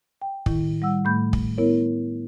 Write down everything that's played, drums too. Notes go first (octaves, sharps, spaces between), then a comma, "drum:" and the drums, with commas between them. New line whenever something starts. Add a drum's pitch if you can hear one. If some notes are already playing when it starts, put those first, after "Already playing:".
G5
A2 D#3 E4, drum: kick
G3 F#5 E6
A2 A3 B5 G6
drum: kick
B3 E4 A#4 C#5